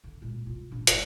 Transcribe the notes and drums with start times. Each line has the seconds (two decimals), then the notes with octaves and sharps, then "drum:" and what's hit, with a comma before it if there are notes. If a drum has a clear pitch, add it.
0.04 D3
0.22 A#2 G#3
0.46 B2 F4
0.71 A#2 D4
0.87 F1 G#2, drum: hi-hat